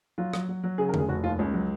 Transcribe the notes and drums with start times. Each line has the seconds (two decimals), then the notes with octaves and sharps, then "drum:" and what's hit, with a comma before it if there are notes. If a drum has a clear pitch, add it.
0.18 F#3 F4
0.33 F#3, drum: rim click
0.49 F#3
0.64 F#3
0.78 C#3 G#4
0.89 A#4
0.94 F1 G#4, drum: tom D3
1.09 F1 F#4
1.24 D#2 F4
1.39 C#2 C#4
1.54 F#3